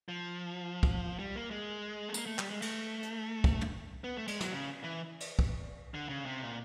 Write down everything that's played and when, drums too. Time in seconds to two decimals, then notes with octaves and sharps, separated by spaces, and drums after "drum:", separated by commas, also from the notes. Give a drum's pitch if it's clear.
0.09 F3
0.83 drum: kick
1.19 G3
1.36 A#3
1.51 G#3
2.09 A3
2.14 A#3, drum: tambourine
2.26 A3
2.39 G3, drum: clap
2.50 G#3
2.62 A3, drum: cymbal
3.03 drum: hi-hat
3.44 drum: kick
3.61 drum: tom
4.04 B3
4.17 A3
4.27 G#3, drum: cymbal
4.40 F#3, drum: snare
4.52 C#3
4.84 E3
5.20 drum: cymbal
5.39 drum: kick
5.94 D3
6.09 C#3
6.26 C3
6.42 A#2